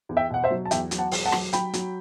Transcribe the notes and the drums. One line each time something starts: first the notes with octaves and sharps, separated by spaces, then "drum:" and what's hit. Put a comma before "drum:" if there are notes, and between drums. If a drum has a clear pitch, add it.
E2
E5 G5
B2 F#5
C5 E5
F#3
A5
E2 E5 G5, drum: hi-hat
F#3, drum: hi-hat
F#5 A5
E1, drum: open hi-hat
F#5 A5
F#3, drum: rim click
F#3 G5 B5, drum: hi-hat
F#3, drum: hi-hat